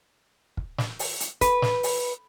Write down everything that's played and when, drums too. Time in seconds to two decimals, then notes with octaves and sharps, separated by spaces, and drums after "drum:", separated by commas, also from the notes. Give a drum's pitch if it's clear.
0.57 drum: kick
0.78 drum: snare
0.99 drum: open hi-hat
1.20 drum: hi-hat
1.41 B4, drum: kick, hi-hat
1.62 drum: snare
1.83 drum: open hi-hat